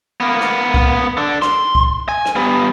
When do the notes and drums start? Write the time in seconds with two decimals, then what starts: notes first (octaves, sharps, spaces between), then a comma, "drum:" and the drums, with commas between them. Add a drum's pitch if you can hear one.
0.20 A#3 B3
0.41 drum: rim click
0.74 drum: kick C2
1.17 D4 A4
1.42 C6, drum: rim click
1.75 drum: kick C2
2.09 G#5
2.25 drum: rim click
2.36 G3 B3